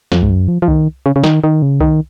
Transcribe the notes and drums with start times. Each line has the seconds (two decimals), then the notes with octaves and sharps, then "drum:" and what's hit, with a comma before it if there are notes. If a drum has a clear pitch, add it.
0.12 F2, drum: snare
0.23 G#2, drum: kick C2
0.30 F#2
0.48 F3
0.62 F3
0.68 D#3, drum: kick C2
1.06 C#3
1.16 C#3
1.24 D#3, drum: snare
1.44 D#3
1.62 C#3
1.81 D#3, drum: kick C2